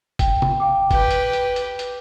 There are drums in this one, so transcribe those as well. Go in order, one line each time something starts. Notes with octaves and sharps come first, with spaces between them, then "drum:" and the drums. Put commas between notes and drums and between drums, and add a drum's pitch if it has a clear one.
G5, drum: kick F#1, hi-hat
drum: tom
F5 G5 D6
G4 B4, drum: kick F#1, hi-hat
drum: hi-hat
drum: hi-hat
drum: hi-hat
drum: hi-hat